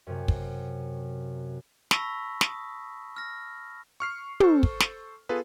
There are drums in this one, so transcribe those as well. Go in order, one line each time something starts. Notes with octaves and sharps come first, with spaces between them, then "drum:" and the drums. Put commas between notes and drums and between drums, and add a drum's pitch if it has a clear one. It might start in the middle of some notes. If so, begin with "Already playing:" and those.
F#2 C3
drum: kick
A5 B5 C#6 E6 A#6 B6, drum: snare
D#6, drum: snare
F6 A#6
C#6 F6 C7
A4 C5 C#6, drum: tom
drum: kick
drum: snare
B3 F4 G#4 A4 B4